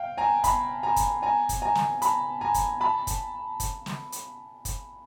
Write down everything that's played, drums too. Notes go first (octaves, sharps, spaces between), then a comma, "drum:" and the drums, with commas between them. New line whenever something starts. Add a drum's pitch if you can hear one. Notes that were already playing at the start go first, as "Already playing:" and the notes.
Already playing: F5 G5
G#5 A#5
A5 B5, drum: kick, hi-hat
G#5 A#5
drum: kick, hi-hat
G#5 A#5
drum: kick, hi-hat
G#5 A#5
drum: snare
A5 B5, drum: hi-hat
G#5 A#5
drum: kick, hi-hat
A5 B5
drum: kick, hi-hat
drum: kick, hi-hat
drum: snare
drum: hi-hat
drum: kick, hi-hat